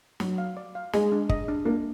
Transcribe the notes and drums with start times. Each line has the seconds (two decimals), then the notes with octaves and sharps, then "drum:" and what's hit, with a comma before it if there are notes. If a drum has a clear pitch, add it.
0.20 F#3 F#4, drum: snare
0.38 F5
0.57 D5
0.75 F5
0.93 G#3 G#4, drum: snare
1.12 D4
1.29 D#5, drum: kick G1
1.48 D4
1.65 A#3 D4